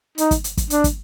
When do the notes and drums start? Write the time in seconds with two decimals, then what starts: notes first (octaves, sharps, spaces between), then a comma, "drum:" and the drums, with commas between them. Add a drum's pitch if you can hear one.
0.18 D#4, drum: hi-hat
0.31 drum: kick, hi-hat
0.44 drum: hi-hat
0.57 drum: kick, hi-hat
0.70 D4, drum: hi-hat
0.84 drum: kick, hi-hat